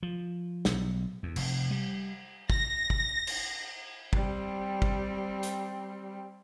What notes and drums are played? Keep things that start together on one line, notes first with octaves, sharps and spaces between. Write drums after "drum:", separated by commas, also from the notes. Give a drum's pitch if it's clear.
F3
B1, drum: snare
E2
F1, drum: cymbal
G3
A#6, drum: kick
drum: kick
drum: cymbal
G3 C4, drum: kick
drum: kick
drum: hi-hat